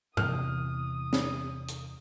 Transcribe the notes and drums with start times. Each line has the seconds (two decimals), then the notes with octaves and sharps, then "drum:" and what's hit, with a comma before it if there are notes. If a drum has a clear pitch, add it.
0.17 E2 C3 D#6 F6, drum: tom
1.13 drum: snare
1.68 drum: hi-hat